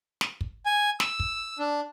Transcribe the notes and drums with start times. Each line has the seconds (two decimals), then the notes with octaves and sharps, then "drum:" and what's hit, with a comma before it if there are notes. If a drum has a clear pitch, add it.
0.21 drum: snare
0.41 drum: kick
0.66 G#5
1.00 E6, drum: snare
1.20 drum: kick
1.59 D4